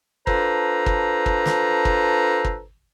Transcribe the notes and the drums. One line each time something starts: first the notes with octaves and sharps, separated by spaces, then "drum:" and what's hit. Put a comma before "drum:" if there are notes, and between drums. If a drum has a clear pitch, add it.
D4 F4 A4 B4 C5 A#5, drum: kick
drum: kick
drum: kick
drum: snare
drum: kick
drum: kick